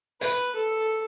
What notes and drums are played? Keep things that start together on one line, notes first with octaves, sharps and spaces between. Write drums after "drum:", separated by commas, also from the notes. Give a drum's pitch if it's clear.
B4, drum: hi-hat
A4